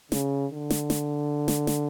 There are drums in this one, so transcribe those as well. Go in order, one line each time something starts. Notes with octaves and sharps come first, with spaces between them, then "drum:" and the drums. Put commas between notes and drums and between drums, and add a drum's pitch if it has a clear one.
C#3, drum: snare
D3
drum: snare
drum: snare
drum: snare
drum: snare